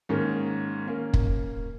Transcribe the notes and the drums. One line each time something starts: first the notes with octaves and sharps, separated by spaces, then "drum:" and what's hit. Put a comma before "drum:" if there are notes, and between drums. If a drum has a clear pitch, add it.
G#2 D#3 A#3 C#4
A#3 C#4
drum: kick